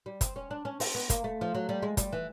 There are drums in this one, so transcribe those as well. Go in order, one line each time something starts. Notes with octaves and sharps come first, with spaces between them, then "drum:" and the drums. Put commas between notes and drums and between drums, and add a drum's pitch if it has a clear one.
G3
C4, drum: kick, hi-hat
C#4
D4
C#4
C4, drum: open hi-hat
B3
A#3, drum: kick, hi-hat
A3
F3
F#3
G3
G#3
G3, drum: kick, hi-hat
E3